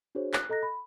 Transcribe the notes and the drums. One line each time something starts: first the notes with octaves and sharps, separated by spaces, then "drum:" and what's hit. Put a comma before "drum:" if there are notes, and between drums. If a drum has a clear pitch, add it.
D4 F#4 G#4 C5 C#5
F#6, drum: clap
A4 D#5 A#5 F#6 A#6
B5